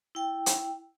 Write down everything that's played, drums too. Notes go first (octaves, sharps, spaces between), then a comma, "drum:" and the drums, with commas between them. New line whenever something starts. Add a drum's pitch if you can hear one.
E4 G5
drum: hi-hat